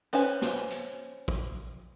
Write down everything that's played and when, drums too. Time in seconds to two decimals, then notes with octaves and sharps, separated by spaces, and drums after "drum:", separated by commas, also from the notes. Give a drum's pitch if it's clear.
0.13 C#4 B4 C5 G#5, drum: hi-hat
0.42 drum: snare
0.70 drum: hi-hat
1.28 drum: kick